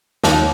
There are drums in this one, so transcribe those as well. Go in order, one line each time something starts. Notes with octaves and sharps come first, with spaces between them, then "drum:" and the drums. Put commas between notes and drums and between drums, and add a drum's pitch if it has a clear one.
D#2, drum: snare